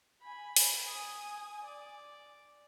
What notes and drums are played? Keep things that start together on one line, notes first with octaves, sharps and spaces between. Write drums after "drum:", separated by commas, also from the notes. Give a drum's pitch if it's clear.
G#5 B5
drum: open hi-hat
G#5 D#6
D5